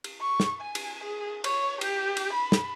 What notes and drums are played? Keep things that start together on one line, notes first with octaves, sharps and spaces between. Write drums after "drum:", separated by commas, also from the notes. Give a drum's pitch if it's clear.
drum: cymbal
C#6
drum: snare
G#5
drum: cymbal
G#4
C#5, drum: cymbal
G4, drum: cymbal
drum: cymbal
B5
drum: snare